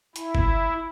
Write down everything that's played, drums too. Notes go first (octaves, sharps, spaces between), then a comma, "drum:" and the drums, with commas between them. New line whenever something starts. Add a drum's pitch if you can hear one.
E4, drum: hi-hat
drum: kick F#1